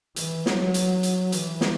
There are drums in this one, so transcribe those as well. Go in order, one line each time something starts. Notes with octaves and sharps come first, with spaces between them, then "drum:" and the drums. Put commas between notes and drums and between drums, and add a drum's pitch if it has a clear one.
E3, drum: hi-hat
F#3, drum: snare
drum: hi-hat
drum: hi-hat
E3, drum: hi-hat
drum: snare